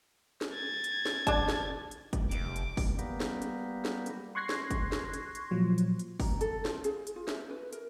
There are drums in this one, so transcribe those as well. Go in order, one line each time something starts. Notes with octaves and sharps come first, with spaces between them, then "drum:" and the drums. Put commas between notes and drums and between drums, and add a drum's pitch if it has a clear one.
drum: snare
G#6 A6
drum: hi-hat
drum: snare
D4 A5, drum: kick, hi-hat
drum: snare
drum: hi-hat
drum: kick, hi-hat
F1 D6, drum: hi-hat
drum: hi-hat
drum: kick, open hi-hat
G3 A#3 B3, drum: hi-hat
drum: snare
drum: hi-hat
drum: snare
drum: hi-hat
C6 C#6 F#6 G#6 A#6 C7
drum: snare
drum: kick, hi-hat
drum: snare
drum: hi-hat
drum: hi-hat
A#2 F3 F#3
drum: hi-hat
drum: hi-hat
A#5, drum: kick, open hi-hat
A4, drum: hi-hat
F4, drum: snare
G#4, drum: hi-hat
drum: hi-hat
F4
E5, drum: snare
B4
A#4, drum: hi-hat